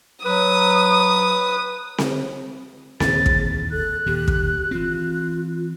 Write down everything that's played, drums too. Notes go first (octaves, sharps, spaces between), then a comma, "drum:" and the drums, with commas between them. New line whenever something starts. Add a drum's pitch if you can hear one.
F#3 B4 D#6
drum: snare C4
D#2 A#2 E3 G#4 A6, drum: snare C4
drum: kick
A4 F#6
D#2 A#2 G4
drum: kick
E3 C4 F4